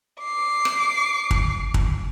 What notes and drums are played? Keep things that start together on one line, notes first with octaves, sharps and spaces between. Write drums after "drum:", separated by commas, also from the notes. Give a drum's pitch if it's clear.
D6 C7
drum: rim click
drum: kick
drum: kick